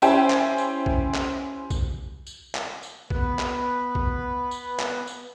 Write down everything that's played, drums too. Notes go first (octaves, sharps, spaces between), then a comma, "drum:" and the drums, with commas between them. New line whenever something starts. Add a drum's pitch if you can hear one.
C#4 E4 G4 C5 G5 G#5, drum: tambourine
drum: clap
drum: tambourine
drum: kick B1
drum: clap
drum: kick B1, tambourine
drum: tambourine
drum: clap
drum: tambourine
B3 B4, drum: kick B1
drum: clap
drum: kick B1
drum: tambourine
drum: clap
drum: tambourine